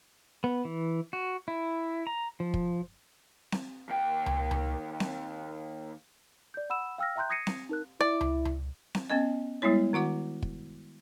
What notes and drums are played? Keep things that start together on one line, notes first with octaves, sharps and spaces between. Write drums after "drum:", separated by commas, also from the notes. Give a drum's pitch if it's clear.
B3
E3
F#4
E4
A#5
F3
drum: kick
drum: snare C4
D#2 G5
drum: tom C#2
drum: tom C#2
drum: snare C4
D5 G6
F#5 B5 E6 E7
F5 G5 E6 F6 A#6
E5 G5 A#5 C6 F#6 G6
D#6 G#6 A#6 C7 C#7 D#7
drum: snare C4
D#4 A#4 F#6
E4 D5
drum: tom C#2
drum: tom C#2
drum: snare C4
B3 C#4 D#5
G3 G#3 B3 E4 C#5
D#3 F#4 F#5 D6
drum: kick